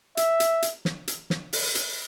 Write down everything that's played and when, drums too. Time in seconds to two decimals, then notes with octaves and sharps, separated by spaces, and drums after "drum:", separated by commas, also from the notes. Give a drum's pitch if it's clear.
0.17 E5, drum: hi-hat
0.40 drum: hi-hat
0.62 drum: hi-hat
0.85 drum: snare
1.08 drum: hi-hat
1.30 drum: snare
1.53 drum: open hi-hat
1.75 drum: hi-hat